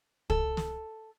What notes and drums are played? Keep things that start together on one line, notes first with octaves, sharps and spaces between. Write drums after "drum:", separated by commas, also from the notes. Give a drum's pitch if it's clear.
A4, drum: kick
drum: snare